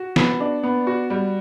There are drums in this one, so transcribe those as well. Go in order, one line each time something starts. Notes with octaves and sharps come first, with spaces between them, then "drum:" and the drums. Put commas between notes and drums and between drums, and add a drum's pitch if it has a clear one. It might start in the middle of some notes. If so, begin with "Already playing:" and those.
Already playing: F#4
B3, drum: snare
D4
B3
F#4
G3